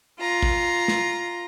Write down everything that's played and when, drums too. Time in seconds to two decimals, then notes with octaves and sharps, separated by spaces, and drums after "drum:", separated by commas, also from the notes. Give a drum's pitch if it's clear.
0.20 F4 A#5
0.42 drum: kick A1
0.88 drum: snare